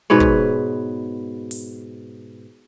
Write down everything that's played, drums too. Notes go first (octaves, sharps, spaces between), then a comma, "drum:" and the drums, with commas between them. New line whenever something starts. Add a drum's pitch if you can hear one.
G#2 B2 B4 C#5
drum: kick
drum: open hi-hat